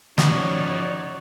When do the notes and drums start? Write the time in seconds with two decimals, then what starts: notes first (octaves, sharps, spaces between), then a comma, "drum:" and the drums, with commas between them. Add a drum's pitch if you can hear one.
0.18 C#3 F3 D#4 F#4 C#5 D5, drum: snare